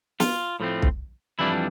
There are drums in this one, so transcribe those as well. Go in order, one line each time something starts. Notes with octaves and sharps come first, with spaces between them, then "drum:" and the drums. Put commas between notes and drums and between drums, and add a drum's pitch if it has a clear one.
F4, drum: snare
A2 F3 A3 C4
drum: kick B1
F2 E3 G3 D4 E4